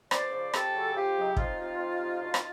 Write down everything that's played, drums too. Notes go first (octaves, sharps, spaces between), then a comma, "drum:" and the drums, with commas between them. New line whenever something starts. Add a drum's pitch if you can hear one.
E2 C5 D5, drum: rim click
C#3 F3
F2 G4 A4, drum: rim click
C#3 F#3
F2 F4 G4
C#3 F#3 D#4
E4
F2 D#4 F4, drum: kick
C3 F3
F2
C3 F3
D2
drum: rim click